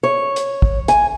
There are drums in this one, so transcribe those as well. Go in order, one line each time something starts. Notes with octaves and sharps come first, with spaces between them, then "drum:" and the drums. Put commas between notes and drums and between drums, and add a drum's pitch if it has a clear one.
C#5
drum: hi-hat
drum: kick
G#5, drum: hi-hat